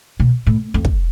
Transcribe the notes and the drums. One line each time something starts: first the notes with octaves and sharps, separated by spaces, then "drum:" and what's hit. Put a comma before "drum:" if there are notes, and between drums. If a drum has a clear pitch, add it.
B2
A2
F2
drum: kick